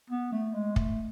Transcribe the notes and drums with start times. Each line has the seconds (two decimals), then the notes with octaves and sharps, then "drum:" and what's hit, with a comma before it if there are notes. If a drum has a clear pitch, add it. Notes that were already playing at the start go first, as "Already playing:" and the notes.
0.10 B3
0.32 A3
0.54 G#3
0.76 A3, drum: kick